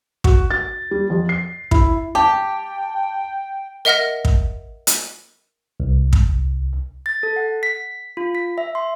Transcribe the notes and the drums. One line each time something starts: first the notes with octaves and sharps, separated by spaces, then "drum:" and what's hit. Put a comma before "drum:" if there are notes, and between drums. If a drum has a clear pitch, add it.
F#4, drum: kick
A6
G3
F2
C7
E4, drum: kick
G4 G5 A5
A#4 D#5 E5 F#5 F6 A#6
drum: kick
drum: hi-hat
C2
drum: kick
A6
A4
F#5
B6
F4
B6
E5
C6